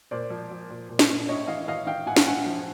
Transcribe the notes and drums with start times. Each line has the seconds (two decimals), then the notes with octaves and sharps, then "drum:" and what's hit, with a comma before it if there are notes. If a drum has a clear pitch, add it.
0.11 A#2 C5 D5
0.30 F3
0.51 F3
0.70 A#2
0.89 A#2
0.99 drum: snare
1.09 A#2
1.28 A2 C#5 D#5
1.48 E3 D#5 F5
1.68 E3 D#5 F5
1.87 E3 F5 G5
2.06 A2 F#5 G#5
2.17 drum: snare
2.26 A2 F#5 G#5
2.46 F3